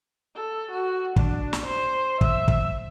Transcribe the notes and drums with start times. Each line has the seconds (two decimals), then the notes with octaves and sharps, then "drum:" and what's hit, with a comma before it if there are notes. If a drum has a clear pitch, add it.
0.35 A4
0.71 F#4
1.16 D4, drum: kick
1.53 drum: snare
1.66 C5
2.21 E5, drum: kick
2.48 drum: kick